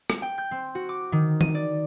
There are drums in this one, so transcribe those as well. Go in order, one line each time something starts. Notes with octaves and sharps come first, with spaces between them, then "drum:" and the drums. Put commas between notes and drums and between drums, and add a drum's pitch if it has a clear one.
drum: rim click
G5
G6
C4
F#4
D6
D#3
D#7, drum: tom E3
D5